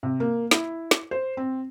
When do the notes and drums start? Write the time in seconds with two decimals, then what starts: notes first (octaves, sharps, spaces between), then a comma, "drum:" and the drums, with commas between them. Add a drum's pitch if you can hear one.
0.03 C3
0.20 A#3
0.51 E4, drum: snare
0.91 drum: snare
1.11 C5
1.37 C4